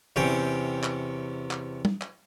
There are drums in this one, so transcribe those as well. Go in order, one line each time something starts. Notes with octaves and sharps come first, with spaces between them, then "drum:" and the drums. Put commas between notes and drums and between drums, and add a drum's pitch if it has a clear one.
E2 C3 C#4 G5
drum: clap
drum: clap
drum: tom
drum: clap